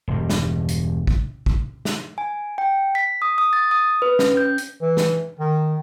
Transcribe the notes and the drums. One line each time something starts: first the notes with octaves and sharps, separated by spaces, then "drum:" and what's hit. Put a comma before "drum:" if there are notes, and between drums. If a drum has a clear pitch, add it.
E1 G2
drum: snare
drum: hi-hat
drum: kick
drum: kick
drum: snare
G#5
G5
B6
D#6
D#6
A6
D#6
B4
C#4, drum: snare
G6
drum: hi-hat
E3
drum: snare
D#3